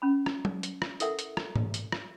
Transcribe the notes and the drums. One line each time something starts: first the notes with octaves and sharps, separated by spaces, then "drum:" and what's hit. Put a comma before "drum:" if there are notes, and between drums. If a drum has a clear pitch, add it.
C#4 B5
drum: rim click
drum: tom F#3
drum: hi-hat
drum: rim click
E4 A4 A#4 E5 F#5, drum: hi-hat
drum: hi-hat
drum: rim click
drum: tom G#2
drum: hi-hat
drum: rim click